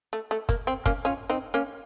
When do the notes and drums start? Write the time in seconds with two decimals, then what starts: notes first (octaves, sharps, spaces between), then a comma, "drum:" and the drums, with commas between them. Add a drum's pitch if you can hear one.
0.13 A3
0.31 A3
0.49 A#3, drum: kick, hi-hat
0.67 C4
0.86 A#3 C#4, drum: kick, hi-hat
1.05 C#4 F4
1.30 C4 D#4
1.54 A#3 C#4